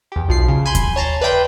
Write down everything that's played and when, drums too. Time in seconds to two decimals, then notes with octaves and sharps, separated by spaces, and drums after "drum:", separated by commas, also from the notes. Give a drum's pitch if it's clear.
0.12 E2 G4
0.28 B1 F3 C7
0.48 C#3
0.66 G#5 B5 C6 G6
0.75 drum: kick D#2, hi-hat
0.96 C#5 A5 A#5 C6
1.21 B4 D5 E5 G5 B5 C6